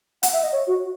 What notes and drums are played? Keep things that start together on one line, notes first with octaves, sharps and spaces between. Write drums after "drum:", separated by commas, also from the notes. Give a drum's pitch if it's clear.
F#5, drum: hi-hat
E5
D#5
C#5
F#4